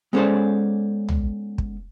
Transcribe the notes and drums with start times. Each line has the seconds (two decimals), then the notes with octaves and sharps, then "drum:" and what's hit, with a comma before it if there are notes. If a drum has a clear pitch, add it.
0.13 G#3 B3 C#4 A4 C5 D5
1.09 drum: tom
1.58 drum: kick